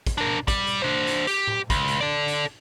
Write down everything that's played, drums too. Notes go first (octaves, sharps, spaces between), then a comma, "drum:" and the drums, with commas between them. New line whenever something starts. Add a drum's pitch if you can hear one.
drum: kick, hi-hat
D4 A#4
G3, drum: kick, hi-hat
drum: hi-hat
D4 C5
drum: hi-hat
G4, drum: hi-hat
drum: tom A2
C#2, drum: kick, hi-hat
drum: hi-hat
A4 D5
drum: hi-hat